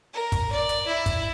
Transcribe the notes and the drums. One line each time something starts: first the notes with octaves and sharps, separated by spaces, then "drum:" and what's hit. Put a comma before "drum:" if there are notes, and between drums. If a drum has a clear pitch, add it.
A#4
drum: kick, hi-hat
D5
drum: hi-hat
E4
drum: kick, hi-hat